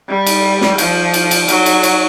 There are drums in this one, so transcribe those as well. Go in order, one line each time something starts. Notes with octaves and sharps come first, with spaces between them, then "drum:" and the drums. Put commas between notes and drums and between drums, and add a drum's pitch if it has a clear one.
G3
drum: cymbal
drum: snare
F3, drum: cymbal
drum: cymbal
drum: cymbal
F#3, drum: cymbal
drum: cymbal
drum: cymbal